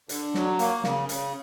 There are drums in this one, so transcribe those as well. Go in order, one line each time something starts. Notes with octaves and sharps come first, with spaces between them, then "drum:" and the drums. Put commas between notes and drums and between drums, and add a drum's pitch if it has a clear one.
D3, drum: hi-hat
F#3, drum: snare
A#3, drum: hi-hat
C#3, drum: snare
C#3, drum: hi-hat